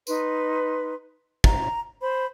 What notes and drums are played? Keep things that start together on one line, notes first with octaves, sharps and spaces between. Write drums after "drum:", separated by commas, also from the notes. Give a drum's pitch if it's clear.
D#4 B4 C6, drum: tambourine
A#5, drum: kick
C5 B5